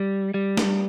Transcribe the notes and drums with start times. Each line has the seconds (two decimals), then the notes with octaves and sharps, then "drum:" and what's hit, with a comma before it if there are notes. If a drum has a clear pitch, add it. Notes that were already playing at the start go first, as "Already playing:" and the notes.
Already playing: G3
0.34 G3
0.57 drum: snare